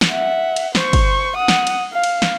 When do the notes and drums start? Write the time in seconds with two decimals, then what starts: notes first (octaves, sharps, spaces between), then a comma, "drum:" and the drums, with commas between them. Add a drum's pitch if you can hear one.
0.01 drum: snare
0.11 E5 F#5
0.56 drum: cymbal
0.75 C5 C#6, drum: snare
0.93 drum: kick G1, cymbal
1.37 F#5 D#6
1.48 drum: snare
1.67 drum: cymbal
1.93 F5
2.04 drum: cymbal
2.22 drum: snare